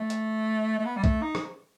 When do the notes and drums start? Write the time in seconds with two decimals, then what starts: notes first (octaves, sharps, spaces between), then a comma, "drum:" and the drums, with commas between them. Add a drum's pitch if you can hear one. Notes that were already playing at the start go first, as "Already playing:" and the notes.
Already playing: A3
0.10 drum: hi-hat
0.79 A3
0.85 B3
0.96 G3
1.04 A3, drum: kick B1
1.22 D#4
1.35 drum: rim click